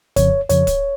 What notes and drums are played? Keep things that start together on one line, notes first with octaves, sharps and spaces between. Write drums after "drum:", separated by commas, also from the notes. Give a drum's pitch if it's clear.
F2 C#3 F3 C#5, drum: kick, hi-hat
F2 C#3 F3 C#5, drum: hi-hat
drum: kick, hi-hat